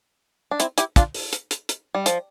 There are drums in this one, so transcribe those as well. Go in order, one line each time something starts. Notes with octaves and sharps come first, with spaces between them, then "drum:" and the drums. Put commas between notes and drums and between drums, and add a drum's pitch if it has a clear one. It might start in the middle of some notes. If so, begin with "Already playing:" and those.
D4
C4 E4, drum: hi-hat
E4 G4, drum: hi-hat
D4 F4, drum: kick, hi-hat
drum: open hi-hat
drum: hi-hat
drum: hi-hat
drum: hi-hat
G3
F3, drum: hi-hat